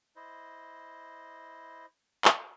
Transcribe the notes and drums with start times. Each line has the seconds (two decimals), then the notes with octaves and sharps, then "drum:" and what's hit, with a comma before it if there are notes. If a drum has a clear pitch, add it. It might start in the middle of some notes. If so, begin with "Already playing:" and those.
0.16 E4 C5 D#5
2.25 drum: clap